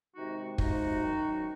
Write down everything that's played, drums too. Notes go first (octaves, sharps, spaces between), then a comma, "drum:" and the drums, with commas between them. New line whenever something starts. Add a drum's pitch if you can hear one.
C3 D#3 G#3 D#4 F#4
C3 F3 G#3 D#4 F#4, drum: kick
F#2 D#3 F#3